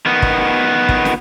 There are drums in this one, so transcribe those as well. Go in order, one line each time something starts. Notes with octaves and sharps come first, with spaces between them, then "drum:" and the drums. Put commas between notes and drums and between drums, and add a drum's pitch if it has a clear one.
D#3 B3
drum: kick
drum: kick
drum: snare